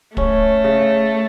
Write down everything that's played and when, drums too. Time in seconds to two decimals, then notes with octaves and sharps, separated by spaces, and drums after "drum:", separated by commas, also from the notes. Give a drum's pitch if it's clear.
0.17 A3 C#4, drum: kick
0.64 C#3